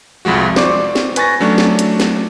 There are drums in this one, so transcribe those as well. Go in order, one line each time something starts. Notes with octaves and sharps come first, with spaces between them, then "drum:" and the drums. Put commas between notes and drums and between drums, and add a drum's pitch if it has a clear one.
C2 F2 F3 G#3 F#4
C5 D5 C#6 D6, drum: snare
drum: snare
B4 G#5 C#6 A6 A#6, drum: hi-hat
F#3 A3 C#4 D4
drum: snare
drum: hi-hat
drum: snare